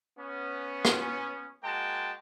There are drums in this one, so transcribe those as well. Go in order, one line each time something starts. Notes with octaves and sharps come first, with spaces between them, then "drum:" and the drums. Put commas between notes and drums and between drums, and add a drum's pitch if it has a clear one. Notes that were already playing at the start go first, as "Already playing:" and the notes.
B3 C#4
drum: rim click
G#3 A#3 F#4 G5 A5